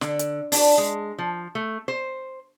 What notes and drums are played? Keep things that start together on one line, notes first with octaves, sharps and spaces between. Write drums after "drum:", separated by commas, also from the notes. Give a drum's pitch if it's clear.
D3, drum: snare
drum: hi-hat
D4, drum: open hi-hat
G#3
F3
A3
C5